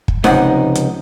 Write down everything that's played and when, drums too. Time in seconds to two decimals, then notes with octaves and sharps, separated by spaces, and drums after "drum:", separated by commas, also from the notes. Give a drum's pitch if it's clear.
0.08 drum: kick
0.24 C#2 C3 F3 D#4 F#5, drum: snare D#4
0.75 drum: hi-hat